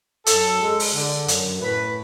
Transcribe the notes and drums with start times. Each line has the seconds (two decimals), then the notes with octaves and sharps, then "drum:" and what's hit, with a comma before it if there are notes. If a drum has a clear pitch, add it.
0.26 F#2 A4, drum: hi-hat
0.61 G#3
0.80 drum: open hi-hat
0.94 D3
1.28 F#2, drum: hi-hat
1.62 A2 B4